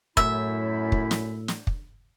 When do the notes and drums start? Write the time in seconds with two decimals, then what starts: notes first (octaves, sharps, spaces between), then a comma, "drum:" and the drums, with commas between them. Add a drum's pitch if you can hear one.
0.17 F#2 A2 E4 E5 B5, drum: kick
0.92 drum: kick
1.11 drum: snare
1.48 drum: snare
1.67 drum: kick